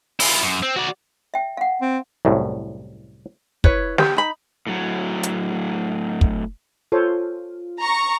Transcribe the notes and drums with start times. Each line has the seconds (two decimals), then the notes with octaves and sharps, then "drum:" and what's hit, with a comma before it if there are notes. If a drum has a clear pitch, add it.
0.20 E4 F4, drum: open hi-hat
0.43 F#2
0.63 C4
0.77 F#4 D5
1.34 E5 G5
1.57 F5 F#5
1.81 C4
2.25 C2 F#2 A2
3.64 E4 B4 C#5, drum: kick
3.98 G4, drum: snare
4.16 D#4 B5
4.67 A2 F#3
5.23 drum: hi-hat
6.21 drum: kick
6.92 F4 A4 C5 C#5
7.80 A#5 C#6